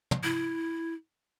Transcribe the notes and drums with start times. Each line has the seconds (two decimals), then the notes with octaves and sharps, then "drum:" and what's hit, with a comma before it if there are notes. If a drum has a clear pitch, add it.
0.11 drum: tom
0.24 E4